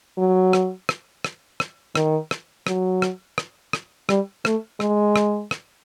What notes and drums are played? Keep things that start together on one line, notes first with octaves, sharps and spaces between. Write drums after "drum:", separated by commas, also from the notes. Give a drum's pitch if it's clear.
F#3
drum: rim click
drum: rim click
drum: rim click
drum: rim click
D#3, drum: rim click
drum: rim click
F#3, drum: rim click
drum: rim click
drum: rim click
drum: rim click
G3, drum: rim click
A3, drum: rim click
G#3, drum: rim click
drum: rim click
drum: rim click